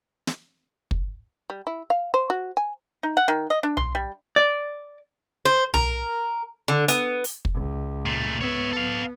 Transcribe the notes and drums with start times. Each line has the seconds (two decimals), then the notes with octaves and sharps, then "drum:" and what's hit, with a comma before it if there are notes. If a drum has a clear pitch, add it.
0.27 drum: snare
0.91 drum: kick
1.50 G3
1.67 E4
1.90 F5
2.14 C5
2.30 F#4
2.57 G#5
3.03 D#4
3.17 F#5
3.28 D#3
3.50 D#5
3.63 D4
3.77 C6, drum: tom B1
3.95 G3
4.36 D5
5.45 C5
5.74 A#4, drum: tom B1
6.68 D3
6.88 B3, drum: hi-hat
7.24 drum: open hi-hat
7.45 drum: kick
7.54 C#2
8.06 A#2 A3
8.41 B3 C#5 E5
8.73 A4 F5